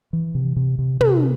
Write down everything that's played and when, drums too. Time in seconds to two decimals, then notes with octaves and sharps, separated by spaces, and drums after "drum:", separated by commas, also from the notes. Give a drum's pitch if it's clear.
0.13 E3
0.35 C3
0.56 C3
0.79 C3
1.01 C3, drum: tom